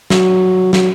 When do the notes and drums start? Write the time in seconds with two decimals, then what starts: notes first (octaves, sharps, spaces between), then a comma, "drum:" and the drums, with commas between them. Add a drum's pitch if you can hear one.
0.10 F#3, drum: snare
0.73 F#3, drum: snare